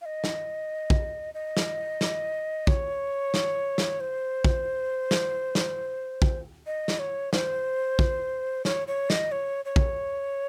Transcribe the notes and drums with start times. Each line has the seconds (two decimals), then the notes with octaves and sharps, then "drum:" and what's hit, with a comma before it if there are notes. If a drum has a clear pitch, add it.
0.01 F5
0.06 D#5
0.24 drum: snare
0.90 drum: kick
1.34 D#5
1.57 drum: snare
2.01 drum: snare
2.67 C#5, drum: kick
3.34 drum: snare
3.78 drum: snare
4.00 C5
4.44 drum: kick
5.11 drum: snare
5.55 drum: snare
6.22 drum: kick
6.66 D#5
6.88 drum: snare
6.99 C#5
7.33 C5, drum: snare
7.99 drum: kick
8.65 C#5, drum: snare
8.88 C#5
9.10 D#5, drum: snare
9.32 C#5
9.65 C#5
9.76 drum: kick